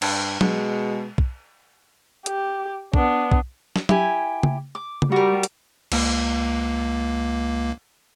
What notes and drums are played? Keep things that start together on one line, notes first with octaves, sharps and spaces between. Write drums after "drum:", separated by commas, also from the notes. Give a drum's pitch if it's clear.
G2, drum: cymbal
B2 G#3, drum: tom F#3
drum: kick
G4, drum: hi-hat
B3 D4, drum: kick
drum: kick
drum: snare
E4 G4 G#5, drum: tom F#3
drum: tom C#3
D6
drum: tom C#3
G3 F#4 A#4
drum: hi-hat
C#2 A#3, drum: cymbal